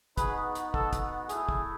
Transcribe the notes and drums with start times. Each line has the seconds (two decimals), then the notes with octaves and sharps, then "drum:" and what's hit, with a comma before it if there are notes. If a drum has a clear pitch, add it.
0.17 B3 D#4 F#4 G#4 B4, drum: kick, hi-hat
0.55 drum: hi-hat
0.74 A4, drum: kick
0.93 drum: kick, hi-hat
1.29 A3 E4 G#4, drum: hi-hat
1.49 drum: kick